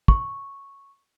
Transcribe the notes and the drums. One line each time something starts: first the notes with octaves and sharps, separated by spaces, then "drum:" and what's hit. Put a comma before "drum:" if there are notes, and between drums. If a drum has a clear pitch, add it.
C#6, drum: kick